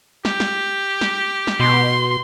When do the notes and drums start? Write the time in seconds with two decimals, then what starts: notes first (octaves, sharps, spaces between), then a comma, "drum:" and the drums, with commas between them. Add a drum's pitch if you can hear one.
0.25 G4, drum: snare
0.40 drum: snare
1.01 drum: snare
1.47 drum: snare
1.59 B2 C6